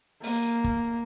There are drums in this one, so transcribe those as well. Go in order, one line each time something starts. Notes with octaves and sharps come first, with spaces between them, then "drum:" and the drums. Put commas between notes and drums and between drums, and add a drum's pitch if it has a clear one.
A#3, drum: open hi-hat
drum: kick